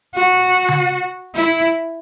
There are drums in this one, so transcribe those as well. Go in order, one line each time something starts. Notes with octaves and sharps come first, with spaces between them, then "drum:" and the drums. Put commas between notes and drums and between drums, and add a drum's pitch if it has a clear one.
F#4
drum: tom C#3
E4